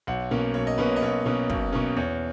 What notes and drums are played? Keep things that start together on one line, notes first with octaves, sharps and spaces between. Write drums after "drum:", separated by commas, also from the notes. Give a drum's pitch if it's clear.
B1 F#5
B2 A#3 C#4
B1 C#5
D#5
B2 A#3 C#4 B4
C#5
D#5
B1 C#5
B2 A#3 C#4
B1, drum: kick
B2 A#3 C#4
E2 C#5